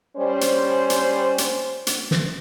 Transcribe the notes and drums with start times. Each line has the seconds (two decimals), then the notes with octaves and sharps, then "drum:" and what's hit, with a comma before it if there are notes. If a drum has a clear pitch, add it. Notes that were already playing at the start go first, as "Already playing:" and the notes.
0.17 G3 C#4 C5
0.41 drum: hi-hat
0.90 drum: hi-hat
1.38 drum: hi-hat
1.87 drum: hi-hat
2.11 drum: snare